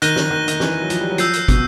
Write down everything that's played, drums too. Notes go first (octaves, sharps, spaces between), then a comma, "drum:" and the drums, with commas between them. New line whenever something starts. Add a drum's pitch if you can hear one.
D#3 F#6 A#6 D#7 G7, drum: hi-hat
drum: snare
D#3
D#3, drum: hi-hat
E3, drum: snare
F#3
F3, drum: hi-hat
G3
F#3
F3 E6 G6 C7, drum: hi-hat
drum: hi-hat
B2, drum: kick, hi-hat